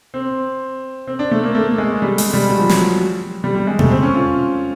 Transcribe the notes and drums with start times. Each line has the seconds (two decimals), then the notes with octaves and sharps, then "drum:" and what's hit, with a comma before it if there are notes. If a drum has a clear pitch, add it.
0.14 C4
1.07 C4
1.19 D4
1.32 A3
1.44 A#3
1.55 A3
1.78 G#3
2.02 G3
2.18 G#3, drum: open hi-hat
2.34 G3
2.49 F#3
2.59 F3
2.69 F#3, drum: snare
3.44 G3
3.55 G3
3.67 G#3
3.79 A3, drum: tom
3.91 C4
4.02 C#4
4.14 F4